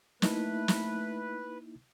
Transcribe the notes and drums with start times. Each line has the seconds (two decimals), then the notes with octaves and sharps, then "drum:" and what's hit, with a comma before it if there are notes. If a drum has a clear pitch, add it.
0.22 A3 A#3 D#4 E4 B4, drum: snare
0.68 drum: snare